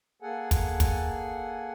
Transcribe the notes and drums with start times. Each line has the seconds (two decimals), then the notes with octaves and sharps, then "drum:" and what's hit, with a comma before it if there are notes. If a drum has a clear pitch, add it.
0.22 A#3 G#4 A4 F#5 G#5
0.51 drum: kick, hi-hat
0.80 drum: kick, hi-hat